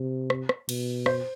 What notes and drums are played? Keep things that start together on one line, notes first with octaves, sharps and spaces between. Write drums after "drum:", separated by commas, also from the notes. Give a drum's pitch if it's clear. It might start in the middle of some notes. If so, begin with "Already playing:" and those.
Already playing: C3
drum: rim click
drum: rim click
B2, drum: cymbal
C5, drum: rim click